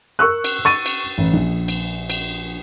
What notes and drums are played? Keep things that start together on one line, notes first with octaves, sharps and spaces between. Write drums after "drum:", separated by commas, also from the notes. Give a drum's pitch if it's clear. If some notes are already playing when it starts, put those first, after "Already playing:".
A#4 C#6 E6 F#6
drum: cymbal
C#6 A6 D#7
drum: cymbal
A1
A#1
drum: cymbal
drum: cymbal